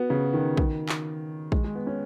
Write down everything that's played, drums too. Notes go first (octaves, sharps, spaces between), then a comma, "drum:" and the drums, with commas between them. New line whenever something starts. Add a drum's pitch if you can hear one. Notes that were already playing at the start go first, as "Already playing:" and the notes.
Already playing: B3 F#4
C#3
D#3
drum: kick A#1
drum: clap
G#3, drum: kick A#1
G#3
B3
C#4